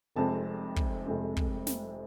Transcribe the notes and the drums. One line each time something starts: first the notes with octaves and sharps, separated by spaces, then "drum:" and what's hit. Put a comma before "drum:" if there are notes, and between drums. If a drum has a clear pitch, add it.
F1 F2 C3 G#3 C4 A5
drum: kick
F1 F2 C3 G#3 C4
drum: kick
drum: snare